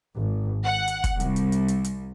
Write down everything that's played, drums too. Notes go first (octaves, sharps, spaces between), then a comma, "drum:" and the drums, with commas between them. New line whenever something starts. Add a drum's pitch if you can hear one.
G#1
F#5
drum: hi-hat
drum: kick, hi-hat
C2, drum: hi-hat
drum: hi-hat
drum: hi-hat
drum: hi-hat
drum: hi-hat